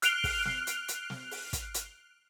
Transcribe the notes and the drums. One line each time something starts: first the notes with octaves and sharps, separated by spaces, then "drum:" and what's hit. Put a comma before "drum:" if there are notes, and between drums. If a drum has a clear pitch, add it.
F6 F#6 C7 D7 F7 G7, drum: hi-hat
drum: kick, open hi-hat
drum: snare
drum: hi-hat
drum: hi-hat
drum: snare
drum: open hi-hat
drum: kick, hi-hat
drum: hi-hat